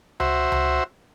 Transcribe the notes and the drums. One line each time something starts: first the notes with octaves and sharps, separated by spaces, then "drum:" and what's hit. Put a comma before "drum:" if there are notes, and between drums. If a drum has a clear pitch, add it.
F#4 C5 E5, drum: tom C#2
drum: tom C#2